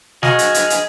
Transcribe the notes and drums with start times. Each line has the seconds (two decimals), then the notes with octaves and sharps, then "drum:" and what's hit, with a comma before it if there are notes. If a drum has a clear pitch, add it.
0.23 F#4 G#4 D#5 F6, drum: snare
0.39 drum: hi-hat
0.54 drum: hi-hat
0.70 drum: hi-hat